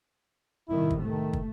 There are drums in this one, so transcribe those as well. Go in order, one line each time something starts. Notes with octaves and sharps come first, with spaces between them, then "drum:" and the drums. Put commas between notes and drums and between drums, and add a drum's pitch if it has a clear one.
C2 A2 D#3 E4
drum: kick
D#3 A3
drum: kick